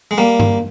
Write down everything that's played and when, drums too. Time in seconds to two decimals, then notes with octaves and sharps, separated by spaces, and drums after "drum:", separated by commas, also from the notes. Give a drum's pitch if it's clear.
0.11 G#3
0.18 G3 A#3
0.39 drum: tom G2